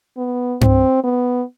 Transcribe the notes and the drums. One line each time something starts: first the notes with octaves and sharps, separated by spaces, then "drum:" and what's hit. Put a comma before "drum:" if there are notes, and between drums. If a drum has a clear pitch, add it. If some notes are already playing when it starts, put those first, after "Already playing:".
B3
C4, drum: tom G2
B3